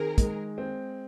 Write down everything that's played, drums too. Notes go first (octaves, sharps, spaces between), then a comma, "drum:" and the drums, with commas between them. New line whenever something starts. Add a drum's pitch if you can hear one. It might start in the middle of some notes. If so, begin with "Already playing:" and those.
Already playing: D#3 C4 G#4 A#4
G#3, drum: kick, hi-hat
C4